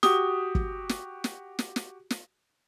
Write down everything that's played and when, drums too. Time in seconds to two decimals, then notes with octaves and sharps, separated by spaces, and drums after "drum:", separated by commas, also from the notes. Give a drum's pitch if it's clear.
0.03 F#4 G4 D#6, drum: snare
0.55 drum: kick
0.89 drum: snare
1.24 drum: snare
1.59 drum: snare
1.76 drum: snare
2.10 drum: snare